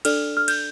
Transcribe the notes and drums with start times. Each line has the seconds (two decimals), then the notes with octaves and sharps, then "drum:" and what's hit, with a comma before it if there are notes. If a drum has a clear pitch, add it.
0.05 D4 A4 D5 F6, drum: cymbal
0.37 F6
0.48 G6, drum: cymbal